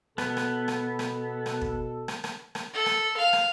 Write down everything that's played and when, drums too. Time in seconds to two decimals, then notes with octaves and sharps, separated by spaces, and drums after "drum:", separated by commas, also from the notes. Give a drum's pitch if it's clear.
0.18 B2 B3 A4, drum: rim click
0.37 drum: rim click
0.68 drum: rim click
0.99 drum: rim click
1.46 drum: rim click
1.61 drum: kick
2.08 drum: rim click
2.24 drum: rim click
2.55 drum: rim click
2.74 A4
2.86 drum: rim click
3.17 F5
3.33 drum: rim click